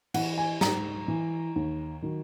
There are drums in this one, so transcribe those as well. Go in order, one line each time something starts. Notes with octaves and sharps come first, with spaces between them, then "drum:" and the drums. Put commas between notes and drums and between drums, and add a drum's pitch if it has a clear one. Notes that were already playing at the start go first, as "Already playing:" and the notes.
E3 F#5, drum: cymbal
G#5
G#2 A#5, drum: snare
E3
D#2
D#3 F#3